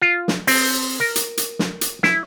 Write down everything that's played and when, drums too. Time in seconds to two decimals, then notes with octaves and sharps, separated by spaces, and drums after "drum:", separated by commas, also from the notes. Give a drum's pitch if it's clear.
0.02 F4
0.28 drum: snare
0.47 C4, drum: open hi-hat
1.00 A#4
1.16 drum: hi-hat
1.37 drum: hi-hat
1.59 drum: snare
1.81 drum: hi-hat
2.03 E4, drum: snare